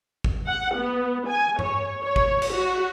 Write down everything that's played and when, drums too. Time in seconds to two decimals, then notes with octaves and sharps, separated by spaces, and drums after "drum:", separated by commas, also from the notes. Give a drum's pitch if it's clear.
0.24 drum: kick G#1
0.47 F#5
0.77 B3
1.28 G#5
1.59 C#5, drum: tom G2
2.02 C#5
2.16 drum: kick G#1
2.42 drum: cymbal
2.53 F#4